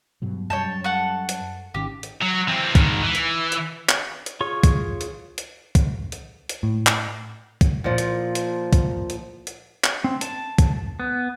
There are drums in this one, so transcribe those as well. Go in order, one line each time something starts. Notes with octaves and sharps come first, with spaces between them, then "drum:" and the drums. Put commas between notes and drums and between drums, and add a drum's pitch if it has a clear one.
G2 B2 F#3
F#2 G3 C#5 G5 A5
A4 F#5 C#6
drum: hi-hat
G#1 D#3 C#4 G4
drum: hi-hat
F#3
E3 C4
G#2 D#3, drum: kick, hi-hat
E3
drum: hi-hat
drum: hi-hat
drum: clap
drum: hi-hat
F4 G#4 C#5 C#6
drum: kick, hi-hat
drum: hi-hat
drum: hi-hat
drum: kick, hi-hat
drum: hi-hat
drum: hi-hat
A2
drum: clap
drum: kick, hi-hat
A#2 F3
drum: hi-hat
drum: hi-hat
drum: kick, hi-hat
drum: hi-hat
drum: hi-hat
drum: clap
C4
A5, drum: hi-hat
drum: kick, hi-hat
B3